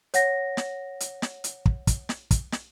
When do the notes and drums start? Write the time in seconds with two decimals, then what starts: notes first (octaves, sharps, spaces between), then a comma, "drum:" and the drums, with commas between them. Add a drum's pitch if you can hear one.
0.14 C#5 F#5 A#6, drum: hi-hat
0.57 drum: snare
1.00 drum: hi-hat
1.22 drum: snare
1.44 drum: hi-hat
1.66 drum: kick
1.87 drum: kick, hi-hat
2.09 drum: snare
2.31 drum: kick, hi-hat
2.52 drum: snare